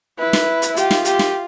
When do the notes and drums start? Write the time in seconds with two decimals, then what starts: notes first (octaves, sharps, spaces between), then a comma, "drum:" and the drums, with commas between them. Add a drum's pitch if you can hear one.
0.19 E4 B4
0.33 drum: snare
0.62 drum: hi-hat
0.76 F4 G4, drum: hi-hat
0.91 drum: snare
1.05 G4, drum: hi-hat
1.19 drum: snare